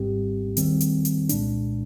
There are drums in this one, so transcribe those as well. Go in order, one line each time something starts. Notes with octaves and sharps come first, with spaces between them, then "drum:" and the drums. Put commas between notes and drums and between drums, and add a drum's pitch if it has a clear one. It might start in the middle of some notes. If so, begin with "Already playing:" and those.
Already playing: G#1 G#2 G3 C4 G4
D#2 D#3 G3 C4, drum: hi-hat
drum: hi-hat
drum: hi-hat
C2 A#2 G#3 D4, drum: hi-hat